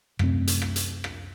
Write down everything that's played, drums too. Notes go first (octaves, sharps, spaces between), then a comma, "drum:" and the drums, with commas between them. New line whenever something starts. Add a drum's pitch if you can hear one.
F#2 C3 A3 C4, drum: rim click
drum: hi-hat
drum: rim click
drum: hi-hat
drum: rim click